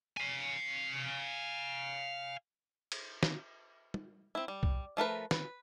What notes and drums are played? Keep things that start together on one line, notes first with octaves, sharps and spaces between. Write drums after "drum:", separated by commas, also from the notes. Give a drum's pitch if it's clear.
F5 G#5
drum: cymbal
drum: snare
drum: tom
C4 E4
G3
drum: kick C2
F3 A3 A#4 B4
B4, drum: snare